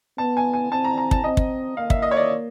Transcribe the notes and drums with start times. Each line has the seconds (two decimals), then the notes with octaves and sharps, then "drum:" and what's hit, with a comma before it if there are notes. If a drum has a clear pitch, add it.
0.18 B3 A5
0.37 G#5
0.53 G#5
0.71 C4 A5
0.84 A#5
0.98 A#5
1.11 A5, drum: kick
1.24 C4 D#5
1.37 drum: kick
1.77 A#3 F5
1.90 E5, drum: kick
2.02 D#5
2.11 C#5
2.17 D5